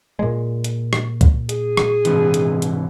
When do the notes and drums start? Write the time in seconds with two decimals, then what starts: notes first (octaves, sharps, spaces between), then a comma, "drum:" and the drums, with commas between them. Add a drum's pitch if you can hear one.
0.19 A#2 G#3
0.64 drum: hi-hat
0.93 drum: rim click
1.21 drum: kick, hi-hat
1.49 G#4, drum: hi-hat
1.77 drum: rim click
2.05 G#2 C3 E3, drum: hi-hat
2.34 drum: hi-hat
2.62 drum: hi-hat